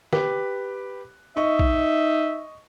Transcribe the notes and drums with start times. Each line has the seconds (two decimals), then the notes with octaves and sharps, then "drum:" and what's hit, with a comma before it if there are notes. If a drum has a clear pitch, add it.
0.13 G4 B4, drum: snare
1.37 D#4 D#5 E5 C#6
1.59 drum: kick